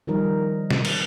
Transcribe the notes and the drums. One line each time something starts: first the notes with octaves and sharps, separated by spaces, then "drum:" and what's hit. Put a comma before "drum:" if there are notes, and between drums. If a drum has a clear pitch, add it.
D#3 F3 G3 D#4 A#4
drum: snare
drum: cymbal